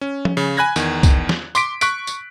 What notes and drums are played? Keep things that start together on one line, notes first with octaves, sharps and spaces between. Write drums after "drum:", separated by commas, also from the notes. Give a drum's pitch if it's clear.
C#4
drum: tom F3
C#3
G#5 B5 F#6 G#6 A#6
E2 D#3, drum: tambourine
drum: kick, tambourine
drum: snare
C6 D6 B6 D7, drum: tambourine
C#6 F#6 B6 D7, drum: tambourine
drum: tambourine